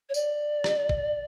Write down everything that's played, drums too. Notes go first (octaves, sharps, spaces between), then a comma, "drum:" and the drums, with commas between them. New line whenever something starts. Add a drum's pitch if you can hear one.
C#5
D5, drum: tambourine
drum: rim click
drum: kick